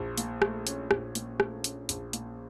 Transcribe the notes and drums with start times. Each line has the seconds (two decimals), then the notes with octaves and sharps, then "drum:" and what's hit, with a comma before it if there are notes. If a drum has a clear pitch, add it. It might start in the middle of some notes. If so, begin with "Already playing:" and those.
Already playing: A#1
0.18 A#2, drum: hi-hat
0.42 A3, drum: rim click
0.67 C#4, drum: hi-hat
0.91 A#1, drum: rim click
1.15 A#2, drum: hi-hat
1.40 A3, drum: rim click
1.64 C#4, drum: hi-hat
1.89 A#1, drum: hi-hat
2.13 A#2, drum: hi-hat